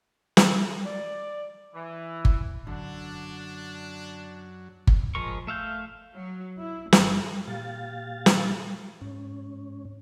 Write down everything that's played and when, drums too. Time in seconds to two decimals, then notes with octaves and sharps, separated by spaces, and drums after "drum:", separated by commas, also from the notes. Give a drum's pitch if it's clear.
0.37 drum: snare
0.85 D5
1.75 E3
2.25 drum: kick G1
2.67 F#2 D3 F#3 D4
4.87 drum: kick G1
5.15 F3 G#3 A#4 C#6
5.47 A3 E5 F5 G6
6.16 F#3
6.61 E4
6.93 G1, drum: snare
7.47 A#2 G4 F5 A6
8.26 drum: snare
9.01 G#2 C#4